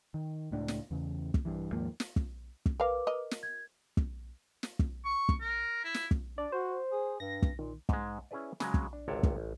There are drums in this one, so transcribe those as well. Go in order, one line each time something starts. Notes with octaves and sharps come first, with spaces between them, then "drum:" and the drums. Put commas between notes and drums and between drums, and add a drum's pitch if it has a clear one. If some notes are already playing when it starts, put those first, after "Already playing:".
D#3
C#2 A2 D4
drum: snare
E2 C#3
drum: kick
G2 E3
D#2 G#2 F3 A#3
drum: snare
drum: kick
drum: kick
A#4 B4 F5 D6
A#4 D#5
drum: snare
G#6
drum: kick
drum: snare
drum: kick
C#6
drum: kick
A#4
E4
drum: snare
drum: kick
D4 D5
F#4 C5
G#4
G2 A#6
drum: kick
A#2 D#3
G#2 G#3, drum: kick
C#4 E4 G#4 B4 D5
C#3 F#3 G#3, drum: snare
drum: kick
D4
G#1 C#2 C3 C#5 G5 A5
drum: kick
A1